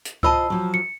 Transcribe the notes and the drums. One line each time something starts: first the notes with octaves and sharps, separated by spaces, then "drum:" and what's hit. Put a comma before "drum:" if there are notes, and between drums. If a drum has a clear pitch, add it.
drum: hi-hat
F4 C5 D#5 A5 B5 E6, drum: kick C#2
F3 F#3
C#7